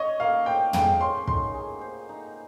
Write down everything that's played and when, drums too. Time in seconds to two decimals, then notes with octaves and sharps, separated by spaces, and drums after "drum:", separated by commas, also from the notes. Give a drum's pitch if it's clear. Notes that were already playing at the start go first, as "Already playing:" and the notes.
Already playing: C#5 D#5
0.20 A#3 F5
0.46 C5 G5
0.73 G#4 G5, drum: tom
1.00 C#5 C6
1.27 D#4 C6, drum: kick
1.54 G#4
1.81 C5
2.09 D#4